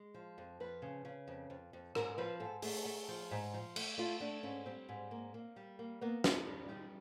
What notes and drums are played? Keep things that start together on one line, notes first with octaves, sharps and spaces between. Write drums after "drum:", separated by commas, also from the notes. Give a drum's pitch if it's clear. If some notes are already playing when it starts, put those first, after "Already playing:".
Already playing: G#3
F3
F2
F3 B4
C#3
C#3
F2
F2
F2
G#2 A#4, drum: rim click
F3 B4
G#2 A4
A3 G#4, drum: open hi-hat
A3
F3
G#2
F3
A3, drum: cymbal
A3 F4
A3 D4
G#2 C#4
G3 C4
G#2
A#3
A#3
G3
A#3
A#3 B3
G3 C4, drum: snare
G3 D4
G3 D#4